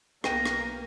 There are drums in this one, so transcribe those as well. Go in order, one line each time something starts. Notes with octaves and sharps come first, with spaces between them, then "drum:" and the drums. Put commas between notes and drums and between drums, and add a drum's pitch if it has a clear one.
B1 A#3 B3 G5 A#6 D#7, drum: rim click
drum: rim click